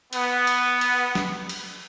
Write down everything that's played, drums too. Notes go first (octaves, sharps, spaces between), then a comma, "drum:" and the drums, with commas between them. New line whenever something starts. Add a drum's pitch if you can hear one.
B3, drum: cymbal
drum: cymbal
drum: cymbal
drum: snare
drum: cymbal